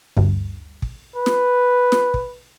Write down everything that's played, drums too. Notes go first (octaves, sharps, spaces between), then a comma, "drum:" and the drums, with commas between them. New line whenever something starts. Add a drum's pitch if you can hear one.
G1 D2 G2, drum: kick
drum: kick
B4
drum: snare
drum: snare
drum: kick